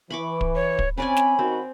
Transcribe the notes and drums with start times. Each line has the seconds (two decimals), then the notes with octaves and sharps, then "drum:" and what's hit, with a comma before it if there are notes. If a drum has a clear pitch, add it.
0.10 E3 B5 C#6 D6
0.41 drum: kick
0.55 C#5
0.79 drum: kick
0.98 C4 C#4 D5 G#5 B5
1.16 drum: snare
1.39 D#3 C4 F#4